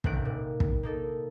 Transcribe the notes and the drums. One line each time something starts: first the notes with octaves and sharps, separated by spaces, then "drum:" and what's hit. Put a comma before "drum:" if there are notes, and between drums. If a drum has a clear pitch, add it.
A1 C3 D#3 F#6 D7, drum: kick
A#2
drum: kick
A#3 D#4 A4